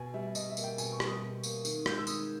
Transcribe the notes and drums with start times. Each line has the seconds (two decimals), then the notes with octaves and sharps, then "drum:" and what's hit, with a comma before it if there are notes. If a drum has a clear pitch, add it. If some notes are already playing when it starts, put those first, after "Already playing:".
Already playing: B2 G#5
0.14 G3 E5
0.35 B2 D#5, drum: tambourine
0.50 E5
0.57 A#3, drum: tambourine
0.64 G5
0.78 B2 G#5, drum: tambourine
0.92 C#6
1.00 G3, drum: rim click
1.07 D#6
1.22 B2
1.43 A#3, drum: tambourine
1.65 D#3, drum: tambourine
1.86 G#3 G6, drum: rim click
1.98 E6
2.07 D#3 D#6, drum: tambourine